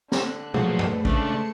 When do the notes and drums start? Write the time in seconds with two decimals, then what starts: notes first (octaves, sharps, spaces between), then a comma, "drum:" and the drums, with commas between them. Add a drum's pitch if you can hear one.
0.12 D3 F#6, drum: snare
0.54 A#2 F3 F#3 A3 G#4 B4 C5 F#5, drum: tom
0.79 drum: tom F#2
1.05 C#3 G#3 A3 D4 C6 C#7, drum: kick A1